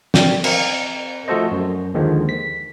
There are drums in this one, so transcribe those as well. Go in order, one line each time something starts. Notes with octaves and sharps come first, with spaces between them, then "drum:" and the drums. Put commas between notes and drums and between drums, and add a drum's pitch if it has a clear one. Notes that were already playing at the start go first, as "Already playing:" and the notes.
D5 G5, drum: snare
C4 A#4, drum: cymbal
F3 A3 F#4 A4 C5 D#5
F#2
D#2 D3 D#3 F3 G#3
B6